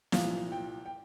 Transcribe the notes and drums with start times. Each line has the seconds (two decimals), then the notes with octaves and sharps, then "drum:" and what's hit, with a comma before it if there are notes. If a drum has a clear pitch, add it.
0.12 C2 A#2 F3 F5, drum: snare
0.52 G5
0.86 G5